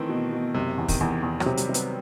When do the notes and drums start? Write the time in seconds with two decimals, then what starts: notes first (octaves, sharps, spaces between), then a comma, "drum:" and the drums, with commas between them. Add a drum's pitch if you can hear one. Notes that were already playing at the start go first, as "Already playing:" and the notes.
Already playing: D#3 E3 A3 C4
0.09 B2
0.32 B2
0.54 F#1 C3
0.78 E2
0.88 D#3, drum: kick, open hi-hat
1.01 E2
1.23 E2 D#3
1.40 F#3, drum: rim click
1.46 C3
1.57 G3, drum: hi-hat
1.69 C3
1.74 B3, drum: hi-hat